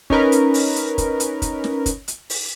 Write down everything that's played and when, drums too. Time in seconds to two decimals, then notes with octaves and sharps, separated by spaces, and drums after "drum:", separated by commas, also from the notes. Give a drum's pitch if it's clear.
0.10 C#4 D#4 A#4 B4, drum: kick
0.32 drum: hi-hat
0.54 drum: open hi-hat
0.76 drum: hi-hat
0.98 drum: kick, hi-hat
1.20 drum: hi-hat
1.42 drum: kick, hi-hat
1.64 drum: snare
1.86 drum: kick, hi-hat
2.08 drum: hi-hat
2.30 drum: open hi-hat